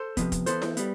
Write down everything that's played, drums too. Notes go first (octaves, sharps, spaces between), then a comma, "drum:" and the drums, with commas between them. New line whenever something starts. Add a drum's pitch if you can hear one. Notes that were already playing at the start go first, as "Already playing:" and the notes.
Already playing: A4 C5
C3 F3 B3, drum: kick, hi-hat
drum: kick, hi-hat
E3 B3 A4 C5, drum: hi-hat
drum: snare E4
G3 B3, drum: hi-hat